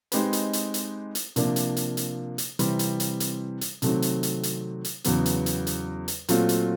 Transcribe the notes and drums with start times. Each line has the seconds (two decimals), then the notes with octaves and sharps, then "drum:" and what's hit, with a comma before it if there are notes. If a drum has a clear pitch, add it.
0.12 G#3 C4 D#4 G4 B4, drum: hi-hat
0.33 drum: hi-hat
0.53 drum: hi-hat
0.74 drum: hi-hat
1.15 drum: hi-hat
1.36 C3 F3 A#3 D4, drum: hi-hat
1.56 drum: hi-hat
1.77 drum: hi-hat
1.97 drum: hi-hat
2.38 drum: hi-hat
2.59 C3 E3 G3 C4, drum: hi-hat
2.79 drum: hi-hat
3.00 drum: hi-hat
3.20 drum: hi-hat
3.61 drum: hi-hat
3.82 C3 D#3 F#3 A3 C4, drum: hi-hat
4.02 drum: hi-hat
4.23 drum: hi-hat
4.43 drum: hi-hat
4.85 drum: hi-hat
5.04 E2 C#3 F#3 B3, drum: hi-hat
5.26 drum: hi-hat
5.46 drum: hi-hat
5.67 drum: hi-hat
6.08 drum: hi-hat
6.29 A#2 F#3 A3 C4 F4, drum: hi-hat
6.49 drum: hi-hat